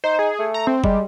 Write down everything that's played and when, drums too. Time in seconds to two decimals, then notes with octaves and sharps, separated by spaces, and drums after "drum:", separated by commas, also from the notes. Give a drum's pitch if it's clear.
0.04 D#4 C5
0.19 G#4
0.39 A3
0.54 A#5
0.67 C4
0.84 G3 G#3, drum: kick F#1